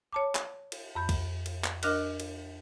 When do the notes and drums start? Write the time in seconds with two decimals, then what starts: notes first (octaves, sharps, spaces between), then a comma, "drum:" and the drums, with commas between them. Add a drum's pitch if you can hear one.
0.13 C#5 A5 D6
0.35 drum: clap
0.72 drum: cymbal
0.95 F2 B5 G6
1.09 drum: kick, cymbal
1.46 drum: cymbal
1.64 drum: clap
1.83 D4 A#4 D#5 F6 F#6, drum: cymbal
2.20 drum: cymbal